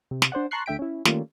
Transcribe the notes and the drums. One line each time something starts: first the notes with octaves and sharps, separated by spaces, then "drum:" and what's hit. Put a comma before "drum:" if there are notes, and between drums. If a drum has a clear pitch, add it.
C3
drum: snare
D4 C5 D5 F#5
A5 A#5 C6 C#6 F#6 C7
D2 D3 E5 G5 B6 D7
C#4 E4
D#3 G3 A3 A#3 C#4 F4, drum: snare